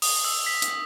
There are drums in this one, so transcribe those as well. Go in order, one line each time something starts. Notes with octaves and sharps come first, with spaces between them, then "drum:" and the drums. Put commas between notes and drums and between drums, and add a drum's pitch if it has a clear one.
D#6, drum: open hi-hat
E6
B6
drum: hi-hat